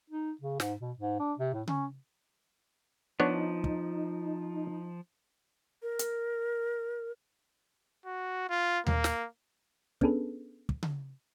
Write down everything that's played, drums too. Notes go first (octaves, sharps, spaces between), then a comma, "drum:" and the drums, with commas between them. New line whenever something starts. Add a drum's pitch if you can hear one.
D#4
C#3
G#2, drum: snare
B2
G#2
D4
C3
A2
C#4, drum: tom C#3
F3 B3 D4 D#4 C#5
drum: kick
A#4
drum: hi-hat
F#4
F4
A#3, drum: tom D#2
drum: snare
B3 C#4 D4 G#4 A4 B4, drum: kick
drum: kick
drum: tom C#3